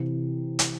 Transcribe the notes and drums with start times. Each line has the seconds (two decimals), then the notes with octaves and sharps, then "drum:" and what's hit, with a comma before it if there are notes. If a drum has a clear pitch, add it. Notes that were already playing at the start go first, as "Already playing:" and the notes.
Already playing: C3 E3
0.59 drum: hi-hat